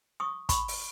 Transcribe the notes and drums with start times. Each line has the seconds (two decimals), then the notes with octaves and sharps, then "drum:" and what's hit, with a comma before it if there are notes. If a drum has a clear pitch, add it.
0.20 C#6 D#6
0.49 B5 C#6, drum: kick, hi-hat
0.68 drum: open hi-hat